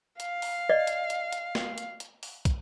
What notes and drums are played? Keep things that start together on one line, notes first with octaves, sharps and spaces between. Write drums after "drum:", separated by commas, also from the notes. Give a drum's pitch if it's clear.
F5, drum: hi-hat
drum: open hi-hat
D5 D#5
drum: hi-hat
drum: hi-hat
drum: hi-hat
drum: snare
drum: hi-hat
drum: hi-hat
drum: open hi-hat
drum: kick, hi-hat